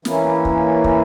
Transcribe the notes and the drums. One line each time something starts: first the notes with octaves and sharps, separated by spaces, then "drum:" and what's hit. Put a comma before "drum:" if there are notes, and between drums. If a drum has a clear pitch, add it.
E3 A#3 C#4 E4, drum: snare
drum: kick
drum: kick